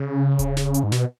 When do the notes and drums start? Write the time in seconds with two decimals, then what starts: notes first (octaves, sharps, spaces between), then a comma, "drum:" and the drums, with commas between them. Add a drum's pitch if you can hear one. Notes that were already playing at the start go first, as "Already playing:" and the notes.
Already playing: C#3
0.39 drum: kick D#1, hi-hat
0.57 drum: snare
0.74 drum: hi-hat
0.84 G#2
0.92 B2, drum: snare